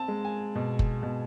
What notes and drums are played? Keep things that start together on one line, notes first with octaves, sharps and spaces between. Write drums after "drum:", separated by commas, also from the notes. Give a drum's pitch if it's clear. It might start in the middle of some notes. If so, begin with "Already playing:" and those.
Already playing: C4 A5
G#3
G#5
B2
drum: kick F#1
B2